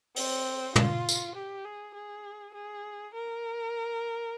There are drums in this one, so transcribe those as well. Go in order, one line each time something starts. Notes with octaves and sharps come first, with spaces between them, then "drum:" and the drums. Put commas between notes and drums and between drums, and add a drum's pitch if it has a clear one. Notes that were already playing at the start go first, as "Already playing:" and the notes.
C4, drum: open hi-hat
F4, drum: tom
drum: tambourine
G4
G#4
G#4
G#4
A#4